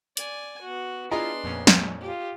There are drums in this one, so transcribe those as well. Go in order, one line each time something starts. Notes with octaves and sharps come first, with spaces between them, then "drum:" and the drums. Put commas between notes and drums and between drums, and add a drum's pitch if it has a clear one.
D5 G#5, drum: hi-hat
B3 F#4
D4 E4 F4 G#4 D#5 A#5 C6
F2 A#2 C#4
drum: snare
F4 G4